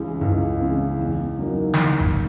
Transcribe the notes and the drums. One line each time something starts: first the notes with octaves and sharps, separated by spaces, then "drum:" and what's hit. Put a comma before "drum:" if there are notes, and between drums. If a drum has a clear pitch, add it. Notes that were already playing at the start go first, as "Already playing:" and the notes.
Already playing: C#2 C#3 E3 G#3 C#4
C#2
C#3 E3 G#3 C#4
E2
C#3 F#3 A#3 D#4
drum: snare
drum: kick